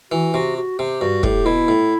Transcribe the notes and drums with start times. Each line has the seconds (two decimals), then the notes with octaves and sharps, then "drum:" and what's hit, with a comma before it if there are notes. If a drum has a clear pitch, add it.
0.12 E3 F#4
0.34 C3 F#4
0.57 F#4
0.78 C3 G4
1.01 G2 F#4
1.23 A2 G4, drum: kick
1.46 B2 E4
1.68 A2